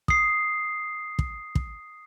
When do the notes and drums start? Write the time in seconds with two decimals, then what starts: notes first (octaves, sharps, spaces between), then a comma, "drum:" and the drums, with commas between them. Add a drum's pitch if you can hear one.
0.08 D#6 C7, drum: kick
1.19 drum: kick
1.55 drum: kick